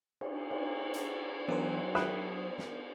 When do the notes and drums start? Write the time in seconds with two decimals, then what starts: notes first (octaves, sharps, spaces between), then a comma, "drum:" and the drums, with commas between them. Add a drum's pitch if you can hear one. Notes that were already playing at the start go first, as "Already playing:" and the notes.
0.21 drum: cymbal
0.51 drum: cymbal
0.94 drum: hi-hat
1.48 E2 F#3 B3 D4 A#4 C5, drum: cymbal
1.95 E5 G5 B5 D#6 F#6, drum: snare
2.58 drum: snare